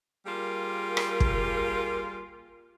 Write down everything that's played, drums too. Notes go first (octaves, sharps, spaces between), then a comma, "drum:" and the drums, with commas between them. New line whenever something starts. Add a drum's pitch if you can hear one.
G3 A#3 F4 G#4 A#4
drum: rim click
drum: kick